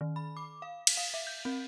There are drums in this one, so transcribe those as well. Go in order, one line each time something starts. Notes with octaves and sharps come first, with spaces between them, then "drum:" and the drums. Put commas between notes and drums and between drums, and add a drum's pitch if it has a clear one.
D#3
B5
D6
F5
drum: cymbal
F5
E5
G6
C4